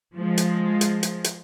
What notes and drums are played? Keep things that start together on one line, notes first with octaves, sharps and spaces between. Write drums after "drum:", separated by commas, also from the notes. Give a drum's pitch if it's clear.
F3 G#3
drum: hi-hat
drum: hi-hat
drum: hi-hat
drum: hi-hat